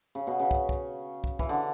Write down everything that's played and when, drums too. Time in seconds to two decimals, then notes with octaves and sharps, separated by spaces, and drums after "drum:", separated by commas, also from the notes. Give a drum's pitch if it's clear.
0.15 C#3
0.27 B2
0.40 C#3
0.51 drum: kick
0.69 drum: kick
1.24 drum: kick
1.39 E3, drum: kick
1.49 D3